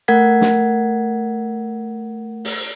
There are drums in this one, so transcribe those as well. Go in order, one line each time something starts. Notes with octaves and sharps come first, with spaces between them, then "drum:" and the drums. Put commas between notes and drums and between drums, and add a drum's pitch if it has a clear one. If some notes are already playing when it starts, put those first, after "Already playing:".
A3 A#4 F#5 G#6 B6
drum: snare
drum: open hi-hat